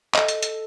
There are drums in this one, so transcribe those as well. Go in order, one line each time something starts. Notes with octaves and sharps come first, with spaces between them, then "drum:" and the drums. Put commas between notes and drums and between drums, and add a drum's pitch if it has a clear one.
A4 D#5, drum: clap
drum: hi-hat
drum: hi-hat